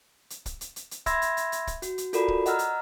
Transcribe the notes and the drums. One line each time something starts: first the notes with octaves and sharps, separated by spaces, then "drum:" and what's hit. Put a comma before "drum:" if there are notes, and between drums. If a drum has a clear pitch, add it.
drum: hi-hat
drum: kick, hi-hat
drum: hi-hat
drum: hi-hat
drum: hi-hat
E5 B5 C6 E6 G#6 A#6, drum: kick, hi-hat
drum: hi-hat
drum: hi-hat
drum: hi-hat
drum: kick, hi-hat
F#4, drum: hi-hat
drum: hi-hat
F4 F#4 A4 A#4 D5 B5, drum: hi-hat
drum: kick
D#5 F#5 A#5 E6 F6, drum: hi-hat
drum: hi-hat